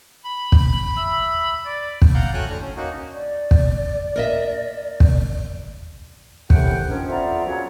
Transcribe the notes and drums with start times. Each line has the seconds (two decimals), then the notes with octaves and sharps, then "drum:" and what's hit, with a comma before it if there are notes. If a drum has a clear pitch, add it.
0.24 B5
0.52 drum: kick
0.97 E5
1.65 D5
2.02 drum: kick
2.14 F5 F#5 A#5 G6
2.34 A3 F#4 C#5 G5 G#5 F#6
2.49 A2 D3 D4 F6
2.61 C#4
2.76 A#3 C#4 D#4 F#4
3.14 D5
3.51 drum: kick
4.16 A#4 D#5 E5
5.00 drum: kick
6.50 C2 A2 D#3 F#5 G5, drum: kick
6.89 D#3 F3 C#4 D4
7.09 F2 B3 F4 D5 E5 A#5
7.46 A#2 C#3 F#3 C#4 F#4 C#5